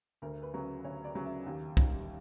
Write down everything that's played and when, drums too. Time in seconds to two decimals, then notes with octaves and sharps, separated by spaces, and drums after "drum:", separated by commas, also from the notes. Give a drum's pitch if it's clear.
0.22 D2 A#4
0.43 B4
0.53 C#3 F#3
0.84 D2 C#5
1.04 D5
1.15 C#3 F#3
1.26 E5
1.46 D#2
1.77 D#3 G3, drum: kick